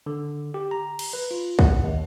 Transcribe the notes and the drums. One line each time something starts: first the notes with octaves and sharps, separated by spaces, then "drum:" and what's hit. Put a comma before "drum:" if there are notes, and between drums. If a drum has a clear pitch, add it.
D3
G4
A#5
drum: cymbal
B4
F4
F#5, drum: kick
D#2